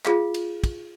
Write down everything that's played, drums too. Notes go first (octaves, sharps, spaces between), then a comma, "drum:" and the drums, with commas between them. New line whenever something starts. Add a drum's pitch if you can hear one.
F4 G#4 F5, drum: clap
drum: cymbal
drum: kick, cymbal